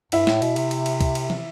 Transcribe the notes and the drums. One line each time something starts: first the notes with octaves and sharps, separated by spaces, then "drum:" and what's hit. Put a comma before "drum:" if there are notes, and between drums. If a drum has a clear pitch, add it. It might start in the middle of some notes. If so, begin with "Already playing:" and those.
G2 E4, drum: cymbal
A2, drum: snare
B2, drum: cymbal
C3, drum: cymbal
drum: cymbal
drum: cymbal
drum: kick, cymbal
drum: cymbal
drum: tom